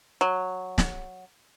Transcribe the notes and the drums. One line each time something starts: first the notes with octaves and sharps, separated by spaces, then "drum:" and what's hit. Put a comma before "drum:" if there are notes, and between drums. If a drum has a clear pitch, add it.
F#3
drum: snare